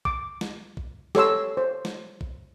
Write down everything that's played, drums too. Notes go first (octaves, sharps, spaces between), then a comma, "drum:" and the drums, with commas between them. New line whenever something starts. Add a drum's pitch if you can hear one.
D6, drum: kick
drum: snare
drum: kick
G4 A4 C#5 C6 E6, drum: snare
C5
drum: snare
drum: kick